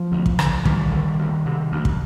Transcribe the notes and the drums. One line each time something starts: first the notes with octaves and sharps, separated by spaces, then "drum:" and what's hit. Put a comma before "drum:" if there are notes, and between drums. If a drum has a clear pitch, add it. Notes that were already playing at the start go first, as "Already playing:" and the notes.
Already playing: F3
D2
drum: kick
D3, drum: rim click
D2 D#3 G3, drum: kick
D3
D2
C3
D2
drum: kick